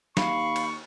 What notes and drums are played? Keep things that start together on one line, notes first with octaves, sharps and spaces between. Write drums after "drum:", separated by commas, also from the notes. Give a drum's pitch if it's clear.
D#2 F5 B5 C#6, drum: snare
drum: cymbal